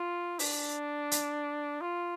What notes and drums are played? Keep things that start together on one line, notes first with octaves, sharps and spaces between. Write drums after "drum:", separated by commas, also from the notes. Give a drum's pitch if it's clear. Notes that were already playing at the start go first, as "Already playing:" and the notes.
Already playing: F4
D4, drum: open hi-hat
drum: hi-hat
F4